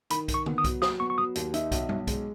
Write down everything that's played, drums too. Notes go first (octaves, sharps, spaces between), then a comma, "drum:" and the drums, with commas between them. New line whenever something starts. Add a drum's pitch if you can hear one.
D#3 B5, drum: hi-hat
D#3, drum: kick B1, hi-hat
C#6
B3, drum: tom D3
D#6
F#3, drum: kick B1, hi-hat
F#3 D#6, drum: snare
B3 C#6
C#6
F#3 D#6
D#2, drum: hi-hat
D#4 E5, drum: hi-hat
B1, drum: kick B1, hi-hat
B1, drum: tom G3
G#3, drum: kick B1, hi-hat